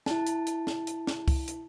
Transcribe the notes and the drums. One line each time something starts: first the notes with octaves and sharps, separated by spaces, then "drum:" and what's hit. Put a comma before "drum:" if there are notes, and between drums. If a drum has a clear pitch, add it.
E4 A5, drum: snare
drum: hi-hat
drum: hi-hat
drum: snare
drum: hi-hat
drum: snare
drum: kick C2, open hi-hat
drum: hi-hat